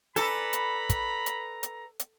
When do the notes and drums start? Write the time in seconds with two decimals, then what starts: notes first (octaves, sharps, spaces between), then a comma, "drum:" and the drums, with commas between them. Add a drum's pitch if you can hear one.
0.16 A4 B4 D5 G#5 A#5 B5, drum: hi-hat
0.53 drum: hi-hat
0.90 drum: kick, hi-hat
1.26 drum: hi-hat
1.63 drum: hi-hat
1.99 drum: hi-hat